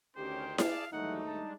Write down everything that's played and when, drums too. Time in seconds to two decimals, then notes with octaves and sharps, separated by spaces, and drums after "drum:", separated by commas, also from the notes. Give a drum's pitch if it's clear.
0.16 D2 D#3 C#4 G4 C5
0.58 G#4 D5 F5 A5, drum: snare E4
0.93 D#2 G#2 E3 F#3 G3 A3 D#4 F#5
1.26 G3 G#3 D4 A5